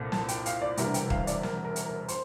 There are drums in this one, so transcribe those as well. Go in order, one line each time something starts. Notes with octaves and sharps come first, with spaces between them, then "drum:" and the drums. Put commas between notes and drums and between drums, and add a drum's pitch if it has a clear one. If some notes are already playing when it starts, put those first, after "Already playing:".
Already playing: C2 A#2 A3 C4
A5, drum: snare
G5, drum: hi-hat
F5, drum: hi-hat
D5
E1 D2 C3 E3 G3 A#4, drum: hi-hat
G5, drum: hi-hat
F5, drum: kick
D5, drum: hi-hat
A#4, drum: snare
A#4
drum: hi-hat
A#4
C5, drum: hi-hat